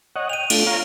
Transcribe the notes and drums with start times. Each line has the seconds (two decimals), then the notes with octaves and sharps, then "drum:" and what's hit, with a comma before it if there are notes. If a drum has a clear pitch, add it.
0.16 C#5 D#5 F#5
0.30 G5 D#7 F7
0.50 A3 D4 F4, drum: cymbal
0.67 C#5 F5 A#5